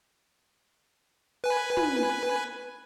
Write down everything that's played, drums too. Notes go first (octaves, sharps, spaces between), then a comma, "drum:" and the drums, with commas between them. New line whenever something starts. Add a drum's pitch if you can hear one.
B4 G#5
drum: tom